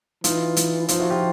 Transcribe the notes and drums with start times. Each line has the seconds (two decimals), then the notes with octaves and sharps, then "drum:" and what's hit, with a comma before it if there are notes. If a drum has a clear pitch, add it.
0.24 E3 D#4 F4, drum: hi-hat
0.57 drum: hi-hat
0.88 F3 D#4 F4, drum: hi-hat
1.00 E4 F#4
1.10 F4 G4